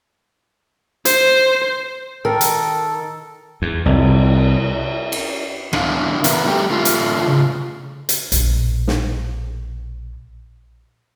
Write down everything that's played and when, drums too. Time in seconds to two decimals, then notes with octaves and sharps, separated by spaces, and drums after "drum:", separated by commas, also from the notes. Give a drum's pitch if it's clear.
1.05 C5, drum: hi-hat
2.25 D#3 A4 A#4
2.41 drum: hi-hat
3.62 E2
3.86 C2, drum: cymbal
5.12 drum: cymbal
5.73 D#3 D4 E4 F5, drum: rim click
6.24 B3 C#4 E4 A#4 B4, drum: hi-hat
6.47 G3 A3 G4
6.70 D3 A3 F4
6.85 drum: hi-hat
7.27 A2 C#3
8.09 drum: hi-hat
8.32 A#1 B2, drum: hi-hat
8.88 drum: snare